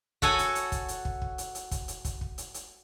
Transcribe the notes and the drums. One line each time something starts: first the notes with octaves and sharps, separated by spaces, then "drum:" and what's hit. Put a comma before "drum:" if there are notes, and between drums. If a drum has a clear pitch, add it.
F#4 A4 C#5 G#5, drum: kick
drum: hi-hat
drum: hi-hat
drum: kick, hi-hat
drum: hi-hat
drum: kick
drum: kick
drum: hi-hat
drum: hi-hat
drum: kick, hi-hat
drum: hi-hat
drum: kick, hi-hat
drum: kick
drum: hi-hat
drum: hi-hat